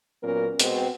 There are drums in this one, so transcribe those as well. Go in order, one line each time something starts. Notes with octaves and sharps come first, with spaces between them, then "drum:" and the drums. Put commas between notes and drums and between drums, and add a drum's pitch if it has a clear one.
A#2 F#3 B3 C#4 A#4
B2 G#3 C4, drum: hi-hat